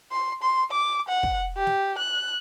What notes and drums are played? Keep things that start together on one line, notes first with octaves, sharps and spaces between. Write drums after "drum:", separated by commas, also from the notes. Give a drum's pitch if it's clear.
C6
C6
D6
F#5
drum: kick
G4
drum: snare
F#6